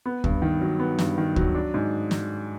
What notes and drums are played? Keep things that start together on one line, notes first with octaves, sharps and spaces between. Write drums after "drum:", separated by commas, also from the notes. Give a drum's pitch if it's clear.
B3
G2, drum: kick
D#3
F#3
B3
G2, drum: snare
D#3
F#3, drum: kick
D4
G#2
drum: snare